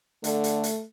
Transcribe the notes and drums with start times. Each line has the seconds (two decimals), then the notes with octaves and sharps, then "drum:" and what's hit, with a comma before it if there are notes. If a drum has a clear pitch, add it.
0.24 D3 A3, drum: hi-hat
0.44 drum: hi-hat
0.64 drum: hi-hat